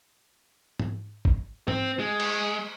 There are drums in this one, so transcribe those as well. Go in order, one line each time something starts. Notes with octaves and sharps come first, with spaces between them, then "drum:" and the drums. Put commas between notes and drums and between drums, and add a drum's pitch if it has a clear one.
drum: tom G#2
drum: kick
C4, drum: tom G#2
G#3
drum: cymbal